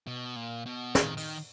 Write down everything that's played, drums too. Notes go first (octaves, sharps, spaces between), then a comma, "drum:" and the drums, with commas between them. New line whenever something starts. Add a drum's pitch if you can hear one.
B2
A#2
B2
D#3, drum: snare
D#3, drum: open hi-hat